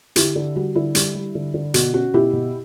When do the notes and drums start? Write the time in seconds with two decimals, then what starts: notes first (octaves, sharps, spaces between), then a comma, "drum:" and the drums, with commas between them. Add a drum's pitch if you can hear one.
0.16 D3 E4 G4, drum: hi-hat
0.35 D3
0.56 G3 F#4
0.75 D3 E4
0.95 G3, drum: hi-hat
1.15 G3
1.35 D3
1.54 D3
1.74 B2 F#4, drum: hi-hat
1.93 C#4 F#4
2.14 B2 E4 G4
2.33 B2